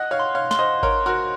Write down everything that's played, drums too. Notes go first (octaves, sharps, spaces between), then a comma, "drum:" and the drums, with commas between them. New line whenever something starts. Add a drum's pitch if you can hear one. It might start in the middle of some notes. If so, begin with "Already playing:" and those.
Already playing: D#5 F#5 F#6
C#5 F5
C6
C#5 F5
C6, drum: snare
C5 D#5
A#4 C#5 C6, drum: kick G#1
F#4 A#4
F#6